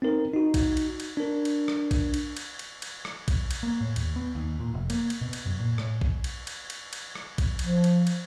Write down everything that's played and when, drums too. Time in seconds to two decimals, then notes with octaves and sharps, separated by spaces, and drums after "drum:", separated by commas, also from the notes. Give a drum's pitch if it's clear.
0.02 C4 D#4 A#4
0.34 D#4 F#4
0.54 drum: kick A#1, cymbal
0.77 drum: cymbal
1.00 drum: cymbal
1.17 D4 A#4
1.45 drum: cymbal
1.68 drum: rim click
1.91 drum: kick A#1, cymbal
2.14 drum: cymbal
2.37 drum: cymbal
2.59 drum: cymbal
2.82 drum: cymbal
3.05 drum: rim click
3.28 drum: kick A#1, cymbal
3.51 drum: cymbal
3.63 A#3
3.81 A2
3.96 D#2, drum: cymbal
4.16 B3
4.35 D#2
4.60 A#2
4.74 F1
4.90 A#3, drum: cymbal
5.10 drum: cymbal
5.21 B2
5.33 drum: cymbal
5.46 F#2
5.59 A#2
5.78 A2, drum: rim click
6.01 drum: kick A#1
6.24 drum: cymbal
6.47 drum: cymbal
6.70 drum: cymbal
6.93 drum: cymbal
7.15 drum: rim click
7.38 drum: kick A#1, cymbal
7.59 F3, drum: cymbal
7.84 drum: cymbal
8.07 drum: cymbal